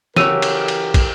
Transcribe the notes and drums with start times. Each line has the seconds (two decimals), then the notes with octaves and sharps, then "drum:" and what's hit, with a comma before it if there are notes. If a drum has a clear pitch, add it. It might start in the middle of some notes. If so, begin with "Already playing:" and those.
0.16 C#3 E3 F#3 G4 A#4 E6 D#7 F7, drum: snare
0.42 drum: cymbal
0.68 drum: cymbal
0.94 drum: kick, cymbal